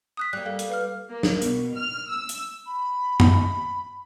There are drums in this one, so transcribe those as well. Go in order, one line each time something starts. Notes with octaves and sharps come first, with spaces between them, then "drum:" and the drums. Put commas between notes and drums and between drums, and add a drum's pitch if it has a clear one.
D#6 F#6 B6
G3 A#3 F#6
A4 F5
drum: hi-hat
B4 F5 F6
A#3
drum: snare
B2, drum: hi-hat
F6
E6
drum: hi-hat
B5
drum: tom F#2